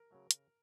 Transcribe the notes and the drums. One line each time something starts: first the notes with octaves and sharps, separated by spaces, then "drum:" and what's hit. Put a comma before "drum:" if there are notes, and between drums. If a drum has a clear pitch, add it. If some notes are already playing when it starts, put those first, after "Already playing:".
Already playing: A#4
C#3 F#3 A3
C#3, drum: hi-hat